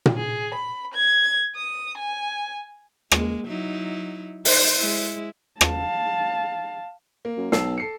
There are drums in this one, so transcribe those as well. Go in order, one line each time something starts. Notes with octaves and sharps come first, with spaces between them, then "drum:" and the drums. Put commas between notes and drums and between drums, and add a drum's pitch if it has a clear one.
drum: tom A#2
G#4
B5
G#6
D#6
G#5
G#3 A#3, drum: rim click
F#3 D#4 E4
D#4 C5, drum: open hi-hat
G#3 E4
F5 A5, drum: rim click
A#3
F#2
B1 A5 E6 C7, drum: snare
A4 C7 C#7